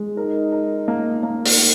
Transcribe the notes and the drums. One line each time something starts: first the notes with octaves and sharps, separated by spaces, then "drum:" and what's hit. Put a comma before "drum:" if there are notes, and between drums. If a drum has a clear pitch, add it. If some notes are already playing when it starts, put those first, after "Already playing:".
Already playing: G#3
D#4 A#4
A#4
A#3
A#3
drum: open hi-hat